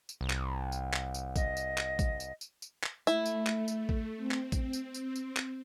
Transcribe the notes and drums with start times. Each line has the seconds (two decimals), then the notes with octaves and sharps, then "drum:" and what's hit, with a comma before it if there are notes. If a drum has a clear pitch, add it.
0.09 drum: tambourine
0.21 C2
0.30 drum: clap
0.72 drum: tambourine
0.93 drum: clap
1.14 drum: tambourine
1.36 D#5, drum: kick, tambourine
1.57 drum: tambourine
1.78 drum: clap
1.99 drum: kick, tambourine
2.20 drum: tambourine
2.41 drum: tambourine
2.62 drum: tambourine
2.83 drum: clap
3.07 A3 E4, drum: tambourine
3.26 drum: tambourine
3.47 drum: clap
3.68 drum: tambourine
3.89 drum: kick
4.17 C4
4.31 drum: clap
4.52 drum: kick, tambourine
4.73 drum: tambourine
4.94 drum: tambourine
5.16 drum: tambourine
5.37 drum: clap